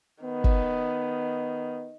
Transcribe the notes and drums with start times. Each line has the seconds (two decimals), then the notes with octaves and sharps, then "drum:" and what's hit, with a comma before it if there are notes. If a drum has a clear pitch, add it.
0.23 D#3 B3
0.44 drum: kick